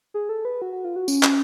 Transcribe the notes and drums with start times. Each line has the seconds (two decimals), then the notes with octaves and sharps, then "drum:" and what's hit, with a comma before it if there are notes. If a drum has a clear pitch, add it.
0.14 G#4
0.29 A4
0.45 B4
0.62 F#4
0.73 F#4
0.85 F4
0.96 F#4
1.08 C#4, drum: tambourine
1.23 drum: clap